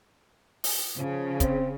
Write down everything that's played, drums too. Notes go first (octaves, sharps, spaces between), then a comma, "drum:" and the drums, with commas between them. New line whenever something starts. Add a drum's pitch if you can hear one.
drum: open hi-hat
C#3 F3
C4, drum: kick, hi-hat